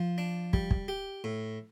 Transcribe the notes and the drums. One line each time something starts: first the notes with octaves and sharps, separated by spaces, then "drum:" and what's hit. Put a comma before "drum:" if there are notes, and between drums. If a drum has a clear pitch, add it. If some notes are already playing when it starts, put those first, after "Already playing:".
Already playing: F3
D4
G3, drum: kick
drum: kick
G4
A2